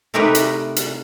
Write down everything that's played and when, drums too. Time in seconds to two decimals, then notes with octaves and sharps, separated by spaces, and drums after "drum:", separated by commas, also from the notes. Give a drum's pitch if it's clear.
0.14 C3 A3 D#4 G4 A#4 B4
0.35 drum: hi-hat
0.76 drum: hi-hat